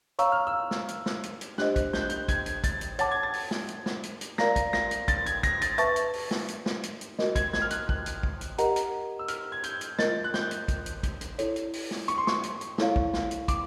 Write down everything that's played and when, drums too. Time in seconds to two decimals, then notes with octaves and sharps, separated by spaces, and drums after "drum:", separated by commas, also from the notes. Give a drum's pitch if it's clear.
0.19 C#5 F5 A#5 C#6 E6, drum: hi-hat
0.32 F6
0.47 E6
0.71 drum: snare
0.88 drum: hi-hat
1.06 drum: snare
1.23 drum: hi-hat
1.41 drum: hi-hat
1.58 D4 G4 C5 D#5 F#6, drum: snare
1.76 drum: kick, hi-hat
1.93 G6, drum: snare
2.01 F#6
2.10 G6, drum: hi-hat
2.28 G#6, drum: kick, hi-hat
2.46 drum: hi-hat
2.64 A6, drum: kick, hi-hat
2.81 drum: hi-hat
2.99 C#5 F#5 A5 D6 A6, drum: hi-hat
3.11 G#6
3.23 A6
3.33 drum: open hi-hat
3.51 drum: snare
3.68 drum: hi-hat
3.86 drum: snare
4.03 drum: hi-hat
4.21 drum: hi-hat
4.38 A#4 D5 F5 A#5 A#6, drum: snare
4.56 drum: kick, hi-hat
4.73 A#6, drum: snare
4.91 drum: hi-hat
5.08 A6, drum: kick, hi-hat
5.26 G#6, drum: hi-hat
5.43 A#6, drum: kick, hi-hat
5.61 A6, drum: hi-hat
5.78 B4 E5 A5 C#6 A6, drum: hi-hat
5.96 drum: hi-hat
6.13 drum: open hi-hat
6.31 drum: snare
6.48 drum: hi-hat
6.66 drum: snare
6.83 drum: hi-hat
7.01 drum: hi-hat
7.19 F#4 A#4 D#5, drum: snare
7.36 G#6, drum: kick, hi-hat
7.53 G#6, drum: snare
7.62 F6
7.70 F#6, drum: hi-hat
7.89 F#6, drum: kick
8.06 drum: hi-hat
8.23 drum: kick
8.41 drum: hi-hat
8.58 G4 A#4 D#5 F#5 A#5, drum: hi-hat
8.76 drum: hi-hat
9.19 E6
9.28 F6, drum: hi-hat
9.52 G#6
9.64 G6, drum: hi-hat
9.81 drum: hi-hat
9.99 F4 A#4 D#5 A6, drum: snare
10.24 F#6
10.34 G6, drum: snare
10.51 drum: hi-hat
10.68 drum: kick, hi-hat
10.86 drum: hi-hat
11.03 drum: kick, hi-hat
11.21 drum: hi-hat
11.39 E4 A4 C#5, drum: hi-hat
11.56 drum: hi-hat
11.73 drum: open hi-hat
11.91 drum: snare
12.08 C#6, drum: hi-hat
12.18 C6
12.27 C#6, drum: snare
12.43 drum: hi-hat
12.61 drum: hi-hat
12.78 E4 A4 C#5 F5, drum: snare
12.96 drum: kick
13.13 drum: snare
13.31 drum: hi-hat
13.48 D6, drum: kick, hi-hat